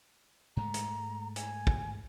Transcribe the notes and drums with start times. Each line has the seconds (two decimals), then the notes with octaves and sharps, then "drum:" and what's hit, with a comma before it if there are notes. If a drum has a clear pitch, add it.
0.57 G#2 G#3 A3 A#5
0.74 drum: hi-hat
1.36 G#5, drum: hi-hat
1.67 drum: kick